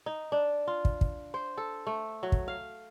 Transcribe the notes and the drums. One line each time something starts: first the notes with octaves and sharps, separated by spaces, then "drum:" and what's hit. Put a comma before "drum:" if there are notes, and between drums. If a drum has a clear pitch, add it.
D#4
D4
F4
drum: kick
drum: kick
C5
A4
A3
F#3
drum: kick
F5